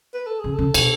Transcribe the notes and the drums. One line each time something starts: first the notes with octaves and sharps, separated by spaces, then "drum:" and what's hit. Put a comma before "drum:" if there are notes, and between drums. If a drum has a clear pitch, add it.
B4
A4
C#3 G#4
A4
C#3
B2, drum: cymbal